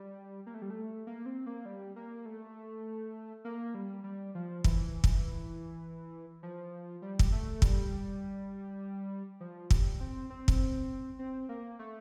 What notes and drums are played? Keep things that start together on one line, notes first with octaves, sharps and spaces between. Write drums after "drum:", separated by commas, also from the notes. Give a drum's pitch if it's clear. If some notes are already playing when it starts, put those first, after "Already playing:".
Already playing: G3
A#3
A3
G3
A3
A#3
C4
A#3
G3
A#3
A3
A#3
G3
G3
F3
E3, drum: kick
drum: kick
F3
G3
drum: kick
A3
G3, drum: kick
F3
G3, drum: kick
C4
C4
drum: kick
C4
A#3
A3